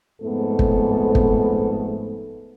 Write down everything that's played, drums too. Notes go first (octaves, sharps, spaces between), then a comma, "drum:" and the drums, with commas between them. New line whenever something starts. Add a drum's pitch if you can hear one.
F2 G#2 A3 B3 A4
drum: kick
drum: kick